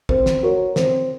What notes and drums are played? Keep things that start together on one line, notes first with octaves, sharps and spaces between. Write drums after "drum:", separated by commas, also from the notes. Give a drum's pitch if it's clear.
C4, drum: kick
drum: snare
F#4 A#4 C#5
C4, drum: snare